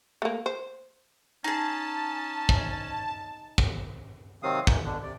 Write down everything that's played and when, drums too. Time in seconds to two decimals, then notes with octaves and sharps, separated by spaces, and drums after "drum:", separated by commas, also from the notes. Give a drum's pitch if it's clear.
0.22 A3 A#3
0.46 C5
1.44 C#4 D#4 G#4 A5
2.49 drum: kick
3.58 drum: kick
4.43 C3 D#3 F#3 C4 F5 D#6
4.67 E3 D#4, drum: kick
4.85 B2 D3 D4
5.03 C3 D5